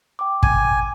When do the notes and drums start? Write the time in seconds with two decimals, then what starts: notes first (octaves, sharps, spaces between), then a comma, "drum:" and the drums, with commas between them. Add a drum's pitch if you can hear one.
0.19 G5 D6
0.43 G#5, drum: kick